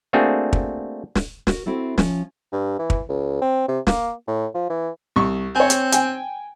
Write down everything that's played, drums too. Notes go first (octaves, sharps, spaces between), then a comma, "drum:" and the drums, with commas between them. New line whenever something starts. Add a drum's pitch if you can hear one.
A3 A#3 C4 D4 F#4 G#4
drum: kick
drum: snare
F#4 A#4, drum: snare
C4 E4 F#4 A4
F3 C#4, drum: snare
G2
E3
drum: kick
C#2
C4
C3
A#3, drum: snare
A2
F3
E3
C2 C#6
C4 C#5 G#5
drum: hi-hat
G5 G#5, drum: hi-hat